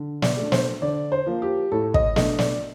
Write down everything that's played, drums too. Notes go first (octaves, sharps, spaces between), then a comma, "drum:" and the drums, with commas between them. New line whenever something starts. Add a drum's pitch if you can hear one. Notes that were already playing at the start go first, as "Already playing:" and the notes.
Already playing: D3
D5, drum: snare
A3 D4
C5, drum: snare
D3 D5
C5
F3 A#3
G4
A2 A4
D#5, drum: kick
A3 D4 D#5, drum: snare
D5, drum: snare